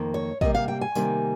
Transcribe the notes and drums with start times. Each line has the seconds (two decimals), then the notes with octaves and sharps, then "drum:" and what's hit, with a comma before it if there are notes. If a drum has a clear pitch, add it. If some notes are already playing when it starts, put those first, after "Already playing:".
Already playing: F2 D#3 A#3
0.14 C#5
0.41 C3 G3 A#3 D#5, drum: kick
0.55 F5
0.68 G5
0.81 G#5
0.95 C3 D#3 G3 A#3, drum: tambourine